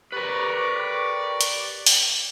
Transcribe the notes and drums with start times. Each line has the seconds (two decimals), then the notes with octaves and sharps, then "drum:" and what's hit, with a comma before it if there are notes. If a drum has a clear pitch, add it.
0.12 G4 A#4 B4 D5 C#6
1.41 drum: hi-hat
1.86 drum: open hi-hat